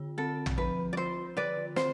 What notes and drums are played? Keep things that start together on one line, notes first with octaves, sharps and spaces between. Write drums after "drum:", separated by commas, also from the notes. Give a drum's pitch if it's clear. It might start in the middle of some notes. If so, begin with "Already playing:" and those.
Already playing: D3 F4
C4 A4
drum: tom
F3 B4
D5
F4 C5
D3 B4 D5
C4 C5, drum: snare